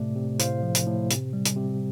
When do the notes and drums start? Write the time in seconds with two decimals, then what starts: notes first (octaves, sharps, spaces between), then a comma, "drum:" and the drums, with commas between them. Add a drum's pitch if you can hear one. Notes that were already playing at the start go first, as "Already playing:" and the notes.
Already playing: A2 C3 A3 D5
0.16 C3
0.39 A2 C5 F5, drum: hi-hat
0.63 F3
0.75 drum: hi-hat
0.86 A2
1.10 C3, drum: hi-hat
1.33 G3
1.45 drum: hi-hat
1.57 C3